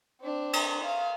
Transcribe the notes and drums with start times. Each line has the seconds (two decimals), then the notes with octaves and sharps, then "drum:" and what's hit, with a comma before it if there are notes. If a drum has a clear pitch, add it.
0.21 C4 D4
0.53 drum: cymbal
0.84 F5